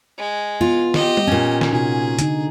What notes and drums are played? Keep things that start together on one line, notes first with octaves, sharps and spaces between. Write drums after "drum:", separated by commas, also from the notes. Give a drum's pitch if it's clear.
G#3
B3 F4
G4 D#5, drum: snare
drum: tom G3
A#2 C#4
drum: snare
C3 D#4 F#4 G#4
D3 D#4, drum: hi-hat